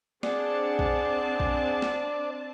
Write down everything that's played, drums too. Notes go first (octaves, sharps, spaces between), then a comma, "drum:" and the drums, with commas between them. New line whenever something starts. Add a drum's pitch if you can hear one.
C4 D4 G#4 D5 F#5 A5, drum: snare
drum: kick A#1
drum: kick A#1
drum: snare